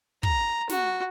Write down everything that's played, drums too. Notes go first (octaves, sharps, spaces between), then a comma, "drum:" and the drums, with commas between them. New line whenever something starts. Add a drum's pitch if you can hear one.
A#5, drum: kick
F#4, drum: snare